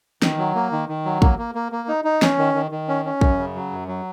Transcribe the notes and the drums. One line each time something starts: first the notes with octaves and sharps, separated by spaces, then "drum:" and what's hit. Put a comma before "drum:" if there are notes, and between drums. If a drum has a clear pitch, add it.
D#3, drum: snare
F#3
A#3
D#3
D#3
F#3
A#3, drum: kick
A#3
A#3
A#3
D#4
D#4
C#4, drum: snare
D#3
D#3
D#3
C#4
C#4
F#2, drum: kick
C#3
F#3
F#2
F#3